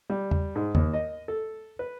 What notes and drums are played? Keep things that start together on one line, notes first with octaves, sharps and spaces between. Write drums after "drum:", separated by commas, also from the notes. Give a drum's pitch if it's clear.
G3
drum: tom E2
G#2
D#2, drum: tom E2
D#5
A4
B4